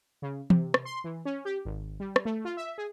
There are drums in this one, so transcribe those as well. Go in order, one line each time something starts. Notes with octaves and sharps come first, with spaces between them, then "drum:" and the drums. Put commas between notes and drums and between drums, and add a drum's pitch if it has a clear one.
C#3
C3, drum: tom E3
drum: rim click
C6
E3
C#4
G4
G#1
G3
drum: rim click
A3
F4
E5
G#4